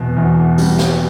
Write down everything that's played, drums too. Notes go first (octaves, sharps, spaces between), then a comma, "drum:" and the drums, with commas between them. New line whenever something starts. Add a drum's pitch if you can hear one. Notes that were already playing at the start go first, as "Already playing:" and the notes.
Already playing: E2 B2
E2
G3, drum: open hi-hat
drum: snare